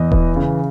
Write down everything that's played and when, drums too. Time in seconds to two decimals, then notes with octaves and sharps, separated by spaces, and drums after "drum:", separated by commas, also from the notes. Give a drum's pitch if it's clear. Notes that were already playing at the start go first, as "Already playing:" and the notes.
Already playing: E2 D#5
0.12 E3, drum: kick D#1
0.36 C#3